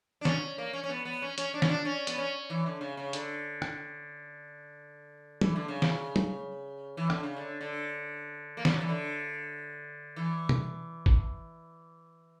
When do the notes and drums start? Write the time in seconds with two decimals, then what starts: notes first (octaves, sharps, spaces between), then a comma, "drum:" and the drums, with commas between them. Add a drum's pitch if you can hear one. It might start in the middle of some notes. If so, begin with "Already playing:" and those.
0.21 D4
0.25 C#4, drum: snare
0.58 A#3
0.73 C#4
0.84 C#4
0.89 B3
1.05 B3
1.22 C#4
1.38 C#4, drum: hi-hat
1.54 D4
1.62 C#4, drum: snare
1.69 D4
1.85 C#4
2.07 B3, drum: hi-hat
2.18 C#4
2.50 E3
2.66 D3
2.81 C#3
2.97 C#3
3.13 D3, drum: hi-hat
3.62 drum: rim click
5.41 E3, drum: tom F#3
5.56 D3
5.68 C#3
5.82 drum: snare
6.16 drum: tom F#3
6.97 E3
7.10 D3, drum: rim click
7.23 C#3
7.37 D3
7.61 D3
8.57 A#3
8.65 G3, drum: snare
8.73 F#3
8.81 E3
8.89 D3
10.16 E3
10.49 drum: tom
11.06 drum: kick